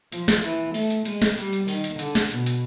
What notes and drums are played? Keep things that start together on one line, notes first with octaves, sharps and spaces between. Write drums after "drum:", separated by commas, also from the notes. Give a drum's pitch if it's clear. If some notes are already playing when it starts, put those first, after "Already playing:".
F3, drum: hi-hat
drum: snare
E3, drum: hi-hat
A3, drum: open hi-hat
drum: hi-hat
G#3, drum: hi-hat
drum: snare
G3, drum: hi-hat
drum: hi-hat
D#3, drum: open hi-hat
drum: hi-hat
D3, drum: hi-hat
drum: snare
B2, drum: hi-hat
drum: hi-hat